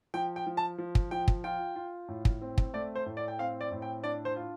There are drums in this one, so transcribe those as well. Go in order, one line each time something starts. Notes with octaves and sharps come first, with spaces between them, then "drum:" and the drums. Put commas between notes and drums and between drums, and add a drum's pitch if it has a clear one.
F3 G5
G5
F3
A5
F3
drum: kick
F3 G5
drum: kick
F4 G5
F4
A2
drum: kick
C4
drum: kick
A3 D5
C5
A2
D5
G5
C4 F5
D5
A2
G5
D4 D5
C5
F4